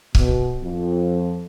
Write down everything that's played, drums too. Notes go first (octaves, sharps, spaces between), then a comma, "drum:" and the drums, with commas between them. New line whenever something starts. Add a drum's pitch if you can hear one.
B2, drum: kick C#1
F2